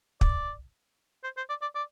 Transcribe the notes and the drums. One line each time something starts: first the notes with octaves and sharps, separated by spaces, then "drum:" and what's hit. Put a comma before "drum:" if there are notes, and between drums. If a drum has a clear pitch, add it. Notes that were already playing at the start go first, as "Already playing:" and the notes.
D5, drum: kick
C5
C5
D5
D5
D5